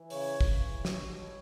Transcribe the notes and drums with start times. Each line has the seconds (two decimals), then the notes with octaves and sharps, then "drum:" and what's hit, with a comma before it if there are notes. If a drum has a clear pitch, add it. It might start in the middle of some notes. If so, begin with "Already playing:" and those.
Already playing: E3
0.10 C#3 C#5, drum: open hi-hat
0.41 E3, drum: kick
0.73 G3
0.85 drum: snare
1.03 B2